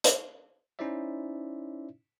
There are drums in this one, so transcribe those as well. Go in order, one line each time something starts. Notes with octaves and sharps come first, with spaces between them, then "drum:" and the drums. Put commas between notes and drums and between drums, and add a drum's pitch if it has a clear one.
drum: hi-hat
C#4 D#4 E4 C5 D5 E5